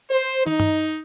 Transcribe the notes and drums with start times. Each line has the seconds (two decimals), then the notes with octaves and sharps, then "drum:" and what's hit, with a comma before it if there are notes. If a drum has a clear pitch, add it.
0.10 C5
0.47 D#4, drum: tom
0.60 drum: tom G2